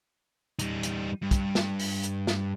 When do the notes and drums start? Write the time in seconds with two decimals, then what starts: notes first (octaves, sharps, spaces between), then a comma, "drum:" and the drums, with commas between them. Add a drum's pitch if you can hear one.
0.59 G3 D#4, drum: hi-hat
0.83 drum: hi-hat
1.22 G2
1.31 drum: kick, hi-hat
1.55 drum: snare
1.79 drum: open hi-hat
2.03 drum: hi-hat
2.27 drum: snare